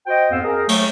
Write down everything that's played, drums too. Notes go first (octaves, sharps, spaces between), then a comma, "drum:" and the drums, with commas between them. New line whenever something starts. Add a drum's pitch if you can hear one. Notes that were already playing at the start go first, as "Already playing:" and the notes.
F#4 C5 D#5 G5
F2 G#2 B3 F5 E6
G#4 A#4
F#3 A3, drum: cymbal